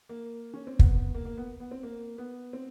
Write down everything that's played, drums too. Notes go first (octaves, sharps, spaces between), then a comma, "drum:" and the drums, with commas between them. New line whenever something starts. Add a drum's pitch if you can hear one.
A#3
C#4
C4
B3, drum: kick
A#3
A#3
B3
B3
C4
A#3
B3
C4